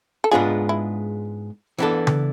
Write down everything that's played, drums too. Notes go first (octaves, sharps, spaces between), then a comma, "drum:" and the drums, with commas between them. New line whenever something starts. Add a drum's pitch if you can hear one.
A4
G#2 G#3 B3 D4 F4 G#4
E4
E3 B3 D4 A4
drum: tom C#3